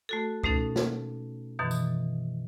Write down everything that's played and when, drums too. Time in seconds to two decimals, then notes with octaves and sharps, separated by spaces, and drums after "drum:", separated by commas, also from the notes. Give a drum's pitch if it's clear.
0.09 A3 F#4 A4
0.43 B2 A3 C#4 D#4 A4, drum: kick C#2
0.76 drum: snare
1.59 F#2 B2 D#3 E3
1.71 drum: tambourine